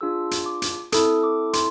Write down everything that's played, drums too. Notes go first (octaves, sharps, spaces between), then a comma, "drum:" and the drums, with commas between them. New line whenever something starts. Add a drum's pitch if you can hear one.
D4 F4 G#4 E6
drum: hi-hat
D6
drum: hi-hat
C4 E4 A4 D#6, drum: hi-hat
D6
C6, drum: hi-hat